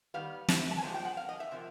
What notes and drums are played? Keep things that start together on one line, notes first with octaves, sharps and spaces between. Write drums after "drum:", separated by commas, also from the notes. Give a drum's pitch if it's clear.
D#3 G3 B3 F5
E5, drum: snare
E5
A5
G#5
E2 C3 F3 G#3 C4 A5
G5
F#5
F5
D#5
E5
C3 F3 A#3